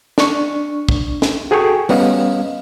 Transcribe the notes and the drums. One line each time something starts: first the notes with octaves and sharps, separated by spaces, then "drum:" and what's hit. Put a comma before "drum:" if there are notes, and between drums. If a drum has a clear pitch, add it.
D4 C#6, drum: snare
drum: kick
drum: snare
F#4 G#4 A4 G5 C#6
G3 B3 C#4 D#5 F5, drum: open hi-hat